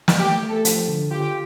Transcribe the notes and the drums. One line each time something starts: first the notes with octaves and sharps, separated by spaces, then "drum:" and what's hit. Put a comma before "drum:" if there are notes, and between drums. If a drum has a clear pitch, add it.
drum: snare
A3 G4
A3
A4
F3, drum: hi-hat
D3
F4 G4